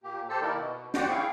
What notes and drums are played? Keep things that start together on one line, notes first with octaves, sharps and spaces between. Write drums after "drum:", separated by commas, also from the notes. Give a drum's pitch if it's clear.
A#2 A#3 G4
G4 A4 C5 A5 E6
D#3 A#3 D#4 E4 A#4 D5
B2
F#4 G4 C5 D5 F#5 G5, drum: snare
E4 G#4 F5 G5 C#6